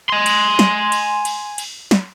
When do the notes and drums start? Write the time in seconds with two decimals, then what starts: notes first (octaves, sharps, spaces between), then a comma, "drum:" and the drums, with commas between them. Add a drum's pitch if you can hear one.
0.09 G#5 C6
0.26 drum: cymbal
0.59 drum: snare
0.92 drum: cymbal
1.25 drum: cymbal
1.58 drum: cymbal
1.91 drum: snare